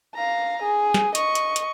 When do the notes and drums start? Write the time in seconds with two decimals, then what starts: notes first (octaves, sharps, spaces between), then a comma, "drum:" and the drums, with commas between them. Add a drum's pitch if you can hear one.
0.15 F5 A#5
0.62 G#4
0.94 drum: snare
1.15 D#5 C#6, drum: hi-hat
1.35 drum: hi-hat
1.56 drum: hi-hat